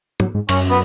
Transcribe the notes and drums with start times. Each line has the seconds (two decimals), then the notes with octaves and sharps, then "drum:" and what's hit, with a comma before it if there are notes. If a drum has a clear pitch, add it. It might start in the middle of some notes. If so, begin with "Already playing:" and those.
0.20 F#3, drum: tom
0.35 G#2
0.49 F#2 C#4, drum: cymbal
0.69 B3